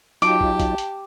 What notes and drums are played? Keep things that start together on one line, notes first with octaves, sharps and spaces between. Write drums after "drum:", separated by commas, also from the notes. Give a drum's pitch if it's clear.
F#3 D#4 F4 G4 A5 D6, drum: hi-hat
drum: kick
drum: kick, hi-hat
drum: hi-hat